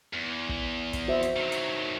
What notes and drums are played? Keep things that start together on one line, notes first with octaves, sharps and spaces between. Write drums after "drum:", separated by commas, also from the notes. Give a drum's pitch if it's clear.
E2
drum: kick
drum: kick, hi-hat
F#4 C5 E5
drum: hi-hat
D#3 F#3
drum: hi-hat